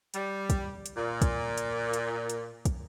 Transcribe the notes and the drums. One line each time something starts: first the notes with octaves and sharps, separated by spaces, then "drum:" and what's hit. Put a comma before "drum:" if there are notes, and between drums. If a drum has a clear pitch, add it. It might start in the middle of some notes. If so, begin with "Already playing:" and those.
G3, drum: hi-hat
drum: kick, hi-hat
drum: hi-hat
A#2
drum: kick, hi-hat
drum: hi-hat
drum: hi-hat
drum: hi-hat
drum: kick, hi-hat